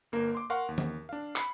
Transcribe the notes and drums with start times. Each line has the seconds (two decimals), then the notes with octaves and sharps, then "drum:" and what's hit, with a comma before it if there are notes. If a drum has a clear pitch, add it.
0.12 G1 A#3 A#4
0.35 C6 D6
0.50 A#4 F5 F#5 C6 C#6
0.69 D#2
0.78 drum: tom E3
1.09 D4 F5
1.36 B5 C7 C#7, drum: clap